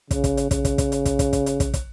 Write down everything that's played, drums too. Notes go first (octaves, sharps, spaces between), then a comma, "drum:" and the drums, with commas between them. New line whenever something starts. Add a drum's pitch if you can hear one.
C#3, drum: kick, hi-hat
drum: kick, hi-hat
drum: hi-hat
C#3, drum: kick, hi-hat
drum: kick, hi-hat
drum: kick, hi-hat
drum: hi-hat
drum: kick, hi-hat
drum: kick, hi-hat
drum: kick, hi-hat
drum: hi-hat
drum: kick, hi-hat
drum: kick, hi-hat